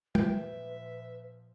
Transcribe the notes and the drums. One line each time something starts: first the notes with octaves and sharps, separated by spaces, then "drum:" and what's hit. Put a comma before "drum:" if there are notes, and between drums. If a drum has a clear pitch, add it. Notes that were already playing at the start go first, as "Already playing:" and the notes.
A#2 F3 G4 B4 E5, drum: tom